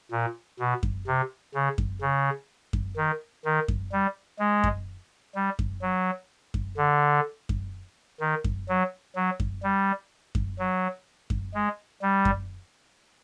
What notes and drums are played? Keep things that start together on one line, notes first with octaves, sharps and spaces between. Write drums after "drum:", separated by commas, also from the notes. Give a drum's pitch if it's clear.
A#2
B2
drum: kick F#2
C3
C#3
drum: kick F#2
C#3
drum: kick F#2
D#3
D#3
drum: kick F#2
G3
G#3
drum: kick F#2
G3
drum: kick F#2
F#3
drum: kick F#2
D3
drum: kick F#2
D#3
drum: kick F#2
F#3
F#3
drum: kick F#2
G3
drum: kick F#2
F#3
drum: kick F#2
G#3
G3
drum: kick F#2